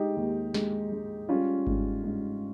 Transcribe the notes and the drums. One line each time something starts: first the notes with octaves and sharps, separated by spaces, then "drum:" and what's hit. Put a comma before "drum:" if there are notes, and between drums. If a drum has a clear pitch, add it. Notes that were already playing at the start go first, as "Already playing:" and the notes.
Already playing: G#3 D#4 G4
D#2
G#3, drum: snare
G#3
G3 C#4 F4
G#2, drum: kick G1
G#2